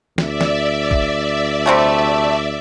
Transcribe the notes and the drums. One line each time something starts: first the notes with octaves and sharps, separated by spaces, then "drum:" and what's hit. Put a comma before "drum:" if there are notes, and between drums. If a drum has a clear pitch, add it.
D2 D5 E5, drum: snare
drum: snare
drum: kick A1
C3 G3 A3